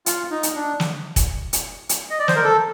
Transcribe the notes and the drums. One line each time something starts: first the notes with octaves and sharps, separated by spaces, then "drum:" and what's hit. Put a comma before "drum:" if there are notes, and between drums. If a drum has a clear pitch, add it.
F4, drum: hi-hat
D#4
drum: hi-hat
D4
drum: snare
drum: kick, hi-hat
drum: hi-hat
drum: hi-hat
D#5
D5
C5, drum: snare
A#4
A4